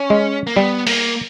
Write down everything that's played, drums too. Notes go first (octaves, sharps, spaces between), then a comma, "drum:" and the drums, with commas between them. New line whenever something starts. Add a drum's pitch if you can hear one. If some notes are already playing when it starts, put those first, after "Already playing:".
Already playing: C#4
G#3
A#3
G3 B3
A#3, drum: open hi-hat